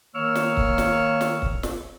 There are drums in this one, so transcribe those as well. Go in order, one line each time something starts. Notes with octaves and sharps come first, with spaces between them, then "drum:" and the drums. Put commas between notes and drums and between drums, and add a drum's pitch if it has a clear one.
D#3 A#3 C#5 C#6 E6 F6
drum: snare
drum: kick C#1
drum: snare
drum: snare
drum: kick C#1
drum: snare